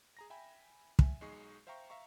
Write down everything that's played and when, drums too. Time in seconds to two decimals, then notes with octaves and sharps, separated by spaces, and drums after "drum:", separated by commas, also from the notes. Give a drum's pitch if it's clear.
0.17 G#4 A#5 A#6
0.30 E5 G5 G#5 B5
0.99 E5 G#5, drum: kick
1.21 B1 G#3 D#4 G#4 C#6 C7
1.67 C5 E5 F5 G5 A#5 C#6
1.90 E5 F5 A#5 C#6